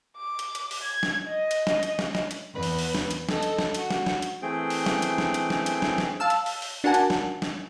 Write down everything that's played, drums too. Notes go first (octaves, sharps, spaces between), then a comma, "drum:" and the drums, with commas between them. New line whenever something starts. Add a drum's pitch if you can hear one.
D6
drum: hi-hat
drum: hi-hat
drum: open hi-hat
G#6
drum: snare
D#5
drum: hi-hat
drum: snare
drum: hi-hat
drum: snare
drum: snare
drum: hi-hat
E2 B4
drum: open hi-hat
drum: open hi-hat
drum: snare
drum: hi-hat
A4 D#5, drum: snare
drum: hi-hat
drum: snare
F#4, drum: hi-hat
drum: snare
drum: snare
drum: hi-hat
E3 A3 C4 G#4 G5
drum: open hi-hat
drum: snare
drum: hi-hat
drum: snare
drum: hi-hat
drum: snare
drum: hi-hat
drum: snare
drum: snare
F5 A5 E6
drum: hi-hat
drum: open hi-hat
drum: open hi-hat
D4 F#4 A#4 F#5 G#5 A5
drum: hi-hat
drum: snare
drum: snare